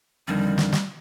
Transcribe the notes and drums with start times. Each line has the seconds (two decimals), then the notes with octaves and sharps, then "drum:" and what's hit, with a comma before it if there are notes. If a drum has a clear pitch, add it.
0.28 F2 D3 D#3 G3
0.58 drum: snare
0.73 drum: snare